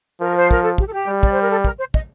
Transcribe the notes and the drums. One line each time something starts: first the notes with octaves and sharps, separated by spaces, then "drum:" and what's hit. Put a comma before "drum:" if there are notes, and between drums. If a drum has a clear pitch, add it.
F3 A#4
C5
A#4, drum: kick
A4
G4, drum: kick
A4
G4
G3
D5, drum: kick
C5
A#4
A4
A#4, drum: kick
C5
D#5, drum: kick